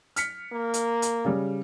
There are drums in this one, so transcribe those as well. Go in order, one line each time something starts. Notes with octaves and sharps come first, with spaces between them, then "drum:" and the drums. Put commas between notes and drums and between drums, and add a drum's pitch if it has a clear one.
F6 B6 C#7, drum: hi-hat
A#3
drum: hi-hat
drum: hi-hat
C#3 G3